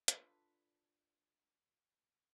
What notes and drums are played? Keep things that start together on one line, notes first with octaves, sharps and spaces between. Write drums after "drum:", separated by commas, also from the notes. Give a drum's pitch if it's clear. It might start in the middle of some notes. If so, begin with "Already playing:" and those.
D4 F4 A4 B4, drum: hi-hat